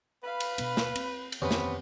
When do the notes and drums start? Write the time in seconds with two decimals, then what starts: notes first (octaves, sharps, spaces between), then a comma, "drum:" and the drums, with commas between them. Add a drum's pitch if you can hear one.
0.23 B4 F5 B5
0.40 drum: cymbal
0.58 B2 B3 D4, drum: cymbal
0.77 drum: snare
0.96 C4, drum: cymbal
1.32 drum: cymbal
1.42 F2 C3 D#3 E3 B3 C#4 B4 C5
1.51 drum: snare